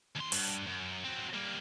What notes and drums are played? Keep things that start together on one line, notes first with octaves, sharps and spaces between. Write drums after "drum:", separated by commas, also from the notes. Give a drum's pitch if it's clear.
D#2 C6
G2, drum: open hi-hat
F#2
F#3 C4
G3 A#3